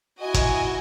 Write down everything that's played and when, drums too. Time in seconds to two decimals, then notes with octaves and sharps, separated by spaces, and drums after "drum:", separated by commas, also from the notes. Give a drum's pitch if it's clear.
0.21 E4 F#4 D#5 G#5
0.34 drum: kick, hi-hat